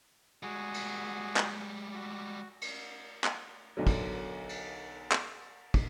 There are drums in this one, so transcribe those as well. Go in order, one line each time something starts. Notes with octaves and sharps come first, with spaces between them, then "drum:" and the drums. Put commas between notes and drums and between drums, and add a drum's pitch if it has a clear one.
G3 G#3 F#4 G#4
drum: cymbal
drum: clap
F#4
drum: cymbal
drum: clap
B1 D3 F#3
drum: kick, cymbal
drum: cymbal
drum: clap
drum: kick, cymbal